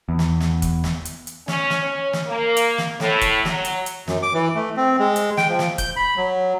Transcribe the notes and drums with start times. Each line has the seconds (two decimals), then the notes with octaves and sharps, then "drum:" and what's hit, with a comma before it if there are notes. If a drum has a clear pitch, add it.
0.09 E2
0.19 drum: snare
0.41 drum: snare
0.62 drum: kick, hi-hat
0.84 drum: snare
1.05 drum: hi-hat
1.27 drum: hi-hat
1.48 C#4, drum: snare
1.70 drum: snare
1.83 C#4
2.13 drum: snare
2.28 A#3
2.57 drum: hi-hat
2.78 drum: snare
3.00 A2, drum: snare
3.21 drum: kick, hi-hat
3.45 F#3, drum: snare
3.65 drum: hi-hat
3.86 drum: hi-hat
4.08 F#2, drum: snare
4.23 D6
4.34 E3
4.55 A3
4.77 C4
4.99 G#3
5.16 drum: hi-hat
5.37 G5, drum: snare
5.49 F3
5.59 drum: snare
5.78 G6, drum: kick, hi-hat
5.96 B5
6.17 F#3